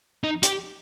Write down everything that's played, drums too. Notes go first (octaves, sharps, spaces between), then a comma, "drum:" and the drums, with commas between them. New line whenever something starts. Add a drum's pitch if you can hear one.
D#4
G4, drum: hi-hat